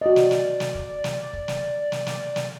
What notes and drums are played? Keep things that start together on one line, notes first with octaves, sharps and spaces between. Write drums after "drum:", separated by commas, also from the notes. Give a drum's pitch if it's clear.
F#4 D5 D#5
drum: snare
drum: snare
drum: snare
drum: kick
drum: snare
drum: kick
drum: snare
drum: snare
drum: snare
drum: snare